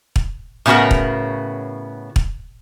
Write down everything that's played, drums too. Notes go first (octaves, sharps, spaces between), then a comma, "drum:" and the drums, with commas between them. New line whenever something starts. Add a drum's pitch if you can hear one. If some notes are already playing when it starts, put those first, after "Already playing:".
drum: kick
A2 C#3 B3 F#4 A#4
drum: kick
drum: kick